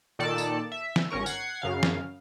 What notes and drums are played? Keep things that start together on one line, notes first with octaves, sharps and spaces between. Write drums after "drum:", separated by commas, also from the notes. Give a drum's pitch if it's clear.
A#2 D#3 A4 D5 A5
drum: tambourine
E5
drum: snare
G#1 C#4 A#4 C#6
F#5 G#6 C7, drum: tambourine
F#2 C#3 F5
drum: snare